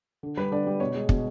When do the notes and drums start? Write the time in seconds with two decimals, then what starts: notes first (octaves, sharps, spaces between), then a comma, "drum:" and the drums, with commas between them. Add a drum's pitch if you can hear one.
0.23 D3
0.37 G3 B4
0.52 D3 D5
0.67 G3
0.80 B2 C#5
0.95 G#3
1.09 B2, drum: kick